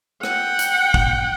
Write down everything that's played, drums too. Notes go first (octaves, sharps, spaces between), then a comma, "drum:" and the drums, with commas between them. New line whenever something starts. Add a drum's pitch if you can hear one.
F#5 G5, drum: rim click
drum: hi-hat
drum: kick